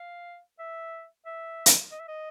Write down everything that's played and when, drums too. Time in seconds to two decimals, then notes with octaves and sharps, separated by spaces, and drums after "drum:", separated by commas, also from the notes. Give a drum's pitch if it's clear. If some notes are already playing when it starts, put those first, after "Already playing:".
Already playing: F5
0.59 E5
1.26 E5
1.66 drum: hi-hat
1.92 D#5
2.00 E5
2.08 D#5